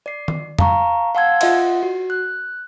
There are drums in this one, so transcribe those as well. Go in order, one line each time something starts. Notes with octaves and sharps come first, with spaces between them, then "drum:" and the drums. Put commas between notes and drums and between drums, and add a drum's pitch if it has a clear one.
D5 C7
drum: tom D#3
F5 A5 A#5 C#6, drum: tom F2
F5 F#5 A5 C6 E6 G#6
F4 D#5 E5 F#5 C6, drum: cymbal
F#4
F#6